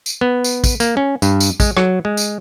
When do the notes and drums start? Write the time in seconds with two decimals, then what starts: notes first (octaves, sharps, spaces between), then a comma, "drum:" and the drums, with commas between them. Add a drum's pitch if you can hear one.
0.06 drum: tambourine
0.21 B3
0.44 drum: tambourine
0.64 drum: kick, tambourine
0.80 A#3, drum: tambourine
0.97 C#4
1.22 G2, drum: tambourine
1.40 drum: tambourine
1.60 G#3, drum: kick, tambourine
1.77 F#3, drum: rim click
2.05 G#3
2.17 drum: tambourine